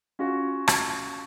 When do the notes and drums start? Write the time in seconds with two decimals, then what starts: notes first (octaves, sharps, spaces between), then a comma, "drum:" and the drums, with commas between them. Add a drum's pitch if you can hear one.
0.19 C#4 F4 F#4
0.68 drum: rim click